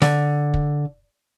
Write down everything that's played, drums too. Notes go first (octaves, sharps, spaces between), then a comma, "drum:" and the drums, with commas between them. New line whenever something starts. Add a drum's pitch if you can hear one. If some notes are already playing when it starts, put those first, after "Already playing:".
D3, drum: snare
drum: kick